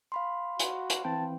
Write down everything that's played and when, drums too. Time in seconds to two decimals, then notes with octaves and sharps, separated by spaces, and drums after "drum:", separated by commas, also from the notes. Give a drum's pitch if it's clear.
0.12 F5 B5 C6
0.59 F#4, drum: hi-hat
0.90 drum: hi-hat
1.05 E3 C4 G5 A5